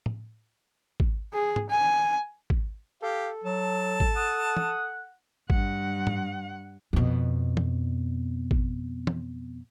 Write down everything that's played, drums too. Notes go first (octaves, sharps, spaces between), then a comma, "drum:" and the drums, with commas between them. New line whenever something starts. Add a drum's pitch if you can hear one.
drum: tom
drum: kick G#1
G#4
drum: tom
G#5
drum: kick G#1
G4 A4 F5
F#3 A5
drum: kick G#1
F#5 D#6
drum: tom
G2 F#5, drum: kick G#1
drum: tom
F2 B2
drum: tom
drum: kick G#1
drum: tom